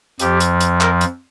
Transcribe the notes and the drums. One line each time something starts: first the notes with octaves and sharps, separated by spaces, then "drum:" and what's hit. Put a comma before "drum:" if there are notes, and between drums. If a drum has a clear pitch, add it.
F2 F3 G4, drum: hi-hat
drum: hi-hat
drum: hi-hat
A#4, drum: clap
drum: hi-hat